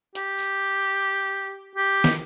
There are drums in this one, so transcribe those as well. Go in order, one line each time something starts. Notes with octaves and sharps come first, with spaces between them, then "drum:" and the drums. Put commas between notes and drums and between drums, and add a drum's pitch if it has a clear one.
G4, drum: hi-hat
drum: tambourine
G4
drum: snare